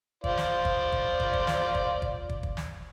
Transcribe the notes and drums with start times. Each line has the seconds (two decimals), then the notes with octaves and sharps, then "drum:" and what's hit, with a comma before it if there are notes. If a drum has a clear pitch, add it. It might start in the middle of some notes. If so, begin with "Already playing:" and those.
0.24 F4 C5 D5, drum: kick
0.37 drum: snare
0.65 drum: kick
0.92 drum: kick
1.20 drum: kick
1.33 drum: kick
1.47 drum: snare
1.75 drum: kick
2.02 drum: kick
2.29 drum: kick
2.43 drum: kick
2.57 drum: snare